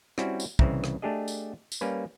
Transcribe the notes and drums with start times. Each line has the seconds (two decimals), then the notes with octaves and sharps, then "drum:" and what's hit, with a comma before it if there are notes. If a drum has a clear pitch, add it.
0.18 G3 C4 C#4 E4 F#4, drum: rim click
0.40 drum: tambourine
0.59 C2 C#3 E3 C4 E5 A#5, drum: kick
0.84 drum: rim click
1.02 A3 D4 G4 G#4 D#5
1.28 drum: tambourine
1.72 drum: tambourine
1.81 G3 A#3 C#4 B4